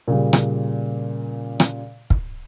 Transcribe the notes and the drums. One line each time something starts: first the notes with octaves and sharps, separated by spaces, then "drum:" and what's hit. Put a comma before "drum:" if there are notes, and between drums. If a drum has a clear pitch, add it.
A#2 C#3 G3
drum: rim click
drum: rim click
drum: kick